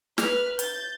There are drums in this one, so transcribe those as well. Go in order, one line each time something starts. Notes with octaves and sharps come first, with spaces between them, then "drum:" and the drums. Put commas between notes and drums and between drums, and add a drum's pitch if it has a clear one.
B4 F6, drum: snare
G6 A6, drum: hi-hat